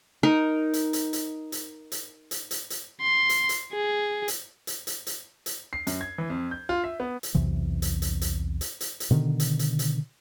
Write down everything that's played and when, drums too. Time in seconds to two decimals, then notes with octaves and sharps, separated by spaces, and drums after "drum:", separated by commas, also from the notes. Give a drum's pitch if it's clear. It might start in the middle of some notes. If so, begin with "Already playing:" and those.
0.23 D#4 A#4
0.73 drum: hi-hat
0.93 drum: hi-hat
1.13 drum: hi-hat
1.52 drum: hi-hat
1.92 drum: hi-hat
2.31 drum: hi-hat
2.51 drum: hi-hat
2.70 drum: hi-hat
3.02 C6
3.29 drum: hi-hat
3.49 drum: hi-hat
3.73 G#4
4.28 drum: hi-hat
4.67 drum: hi-hat
4.87 drum: hi-hat
5.07 drum: hi-hat
5.46 drum: hi-hat
5.73 C7
5.87 F#2, drum: hi-hat
6.01 G#6
6.18 E3
6.30 F2
6.51 G6
6.69 F4
6.84 E5
7.00 B3
7.23 drum: hi-hat
7.34 B1 E2 C3 E3
7.82 drum: hi-hat
8.02 drum: hi-hat
8.21 drum: hi-hat
8.61 drum: hi-hat
8.81 drum: hi-hat
9.00 drum: hi-hat
9.11 B2 D3 D#3
9.40 drum: hi-hat
9.59 drum: hi-hat
9.79 drum: hi-hat